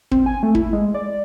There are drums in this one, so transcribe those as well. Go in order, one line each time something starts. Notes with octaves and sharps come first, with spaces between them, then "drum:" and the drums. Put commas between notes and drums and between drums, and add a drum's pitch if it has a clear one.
C4, drum: kick
G#5
A3
E4, drum: kick
G#3
D5